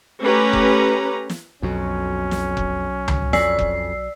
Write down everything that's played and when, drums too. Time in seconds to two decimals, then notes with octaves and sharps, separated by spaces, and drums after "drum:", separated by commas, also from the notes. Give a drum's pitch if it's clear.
0.21 A3 C#4 G4 B4 A#5
0.53 drum: kick F1
1.30 drum: snare
1.62 B1 F2 B2 F#3 C#4
2.31 drum: snare
2.57 drum: kick F1
3.08 drum: tom C#2
3.33 F2 D5 E6 C7, drum: snare
3.59 drum: kick F1